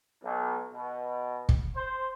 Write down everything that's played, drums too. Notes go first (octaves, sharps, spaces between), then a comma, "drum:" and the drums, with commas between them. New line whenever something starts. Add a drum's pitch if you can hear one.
B1
B2
drum: kick
C5